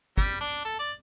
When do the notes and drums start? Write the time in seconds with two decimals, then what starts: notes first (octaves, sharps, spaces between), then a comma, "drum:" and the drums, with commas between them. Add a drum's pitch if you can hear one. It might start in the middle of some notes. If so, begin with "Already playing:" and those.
0.18 G3, drum: kick
0.41 D4
0.65 A4
0.80 D5